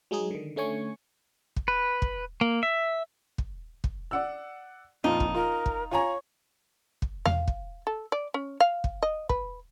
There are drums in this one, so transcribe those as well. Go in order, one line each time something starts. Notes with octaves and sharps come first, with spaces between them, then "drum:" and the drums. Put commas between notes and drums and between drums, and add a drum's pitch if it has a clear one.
F#3 G#3 D#4 G#4
D3 D#3
D3 A3 C#4 G#5 C#6
drum: kick
B4
drum: kick
A#3
E5
drum: kick
drum: kick
D5 F#5 E6
F2 A#2 D#4 F4
drum: kick
F4 A#4
drum: kick
F4 C#5 G#5 A#5
drum: kick
F5, drum: tom E2
drum: kick
A4
D5
C#4
F5
drum: kick
D#5
B4, drum: kick